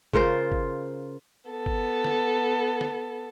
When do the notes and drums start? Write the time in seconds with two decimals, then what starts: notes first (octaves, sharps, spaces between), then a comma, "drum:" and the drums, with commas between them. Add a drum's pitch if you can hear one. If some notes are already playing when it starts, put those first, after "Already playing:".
0.13 C#3 F4 A#4 C5, drum: kick
0.52 drum: kick
1.51 B3 A4
1.66 drum: kick
2.04 drum: snare
2.81 drum: snare